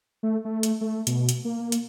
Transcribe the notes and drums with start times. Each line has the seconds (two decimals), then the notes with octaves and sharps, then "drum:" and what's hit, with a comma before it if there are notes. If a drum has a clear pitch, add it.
0.23 A3
0.45 A3
0.63 drum: hi-hat
0.81 A3
1.07 B2, drum: hi-hat
1.29 drum: hi-hat
1.45 A#3
1.72 drum: hi-hat